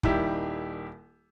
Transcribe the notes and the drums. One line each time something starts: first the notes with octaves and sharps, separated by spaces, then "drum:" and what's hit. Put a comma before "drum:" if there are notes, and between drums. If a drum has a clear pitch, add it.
D#1 D#3 G3 E4 G4, drum: kick